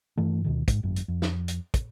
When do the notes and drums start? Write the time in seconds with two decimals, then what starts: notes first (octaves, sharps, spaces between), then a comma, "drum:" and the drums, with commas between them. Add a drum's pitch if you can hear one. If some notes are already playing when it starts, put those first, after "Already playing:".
0.17 G2 E3 A3
0.44 D2 B2 D#3
0.68 G#2, drum: kick, hi-hat
0.83 G#1 F#2
0.96 drum: hi-hat
1.08 F2
1.22 drum: snare
1.48 drum: hi-hat
1.74 drum: kick, hi-hat